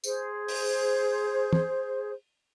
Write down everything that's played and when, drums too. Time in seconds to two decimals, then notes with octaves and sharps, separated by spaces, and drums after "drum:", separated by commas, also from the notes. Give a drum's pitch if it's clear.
0.04 G#4 C5, drum: tambourine
0.48 drum: open hi-hat
1.53 drum: tom